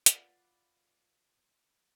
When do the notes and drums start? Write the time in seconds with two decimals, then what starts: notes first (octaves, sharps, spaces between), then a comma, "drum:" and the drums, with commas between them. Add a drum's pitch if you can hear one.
0.06 F4 B4 D5 F#5, drum: hi-hat